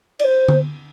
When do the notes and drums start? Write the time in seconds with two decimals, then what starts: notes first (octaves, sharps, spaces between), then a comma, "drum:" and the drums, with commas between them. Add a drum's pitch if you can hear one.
0.19 D5, drum: cymbal
0.24 C5
0.48 drum: tom D3